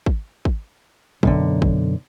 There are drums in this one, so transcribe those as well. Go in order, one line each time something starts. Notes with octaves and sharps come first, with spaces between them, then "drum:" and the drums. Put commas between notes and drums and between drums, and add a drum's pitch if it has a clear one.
drum: kick
drum: kick
B1 F#2 D3, drum: kick
drum: kick